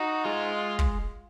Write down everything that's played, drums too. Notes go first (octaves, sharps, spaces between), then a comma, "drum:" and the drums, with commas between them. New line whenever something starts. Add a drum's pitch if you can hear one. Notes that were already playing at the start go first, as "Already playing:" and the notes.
Already playing: D#4 F#4
G#3 F4
drum: kick